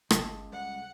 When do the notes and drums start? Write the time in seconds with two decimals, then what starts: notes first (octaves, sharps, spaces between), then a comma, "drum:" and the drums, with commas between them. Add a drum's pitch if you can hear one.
0.11 G1 C#2 A5, drum: rim click
0.52 G3 F#5